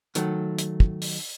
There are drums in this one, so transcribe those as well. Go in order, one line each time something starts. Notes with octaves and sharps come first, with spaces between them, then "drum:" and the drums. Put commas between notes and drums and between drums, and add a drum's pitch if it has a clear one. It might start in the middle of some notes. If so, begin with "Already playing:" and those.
D#3 F#3 A3, drum: hi-hat
drum: hi-hat
drum: kick
drum: open hi-hat